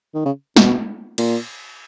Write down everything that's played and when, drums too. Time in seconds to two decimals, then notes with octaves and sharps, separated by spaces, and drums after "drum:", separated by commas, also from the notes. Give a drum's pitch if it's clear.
0.14 D#3
0.26 C#3
0.56 B2, drum: snare
1.18 A#2, drum: cymbal